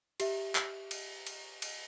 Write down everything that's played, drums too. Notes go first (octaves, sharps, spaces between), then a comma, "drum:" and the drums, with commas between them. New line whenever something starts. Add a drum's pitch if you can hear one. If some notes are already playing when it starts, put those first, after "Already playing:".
G4 E5, drum: cymbal
drum: clap
drum: cymbal
drum: cymbal
drum: cymbal